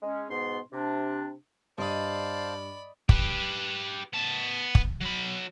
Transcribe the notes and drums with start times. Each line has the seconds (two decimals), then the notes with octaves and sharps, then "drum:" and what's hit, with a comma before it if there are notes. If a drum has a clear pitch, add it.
0.02 G#3 C#4
0.30 G#2 B2 B3 C6
0.73 C3 D4
1.78 G2 C5 D5 D#5 F5 A5 B5 D#6
3.09 G4 B4, drum: kick
4.13 B3 A5
4.75 drum: kick
5.01 F#3 B5